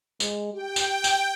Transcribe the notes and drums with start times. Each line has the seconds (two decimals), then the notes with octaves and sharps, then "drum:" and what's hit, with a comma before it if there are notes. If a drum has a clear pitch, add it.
0.20 G#3, drum: tambourine
0.54 G4 G5
0.76 drum: tambourine
1.04 drum: tambourine